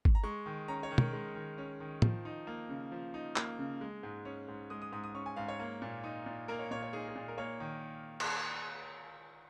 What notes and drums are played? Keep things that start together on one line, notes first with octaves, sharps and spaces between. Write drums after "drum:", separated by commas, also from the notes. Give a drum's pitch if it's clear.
drum: kick
A#5
G#3 C#6
D#3
C#4 A#5
C#5
D#3
A#4, drum: tom
G#3
D#3
C#4
D#3
F3, drum: tom A2
D#4
A#3
C#3
F3
D#4
A#3, drum: clap
C#3
G#3
G#2
C#4
G#2
G#3 D#6
D#6
G#2 D#6
D#6
C#4 C#6
G#5
G#2 F5
C#5
A#3
A#2
D#4
A#2
A#3 A#4
C#5
A#2 C#5
C#5
D#4 G#4
G#4
A#2
A#4
A#3 C#5
D#3
drum: cymbal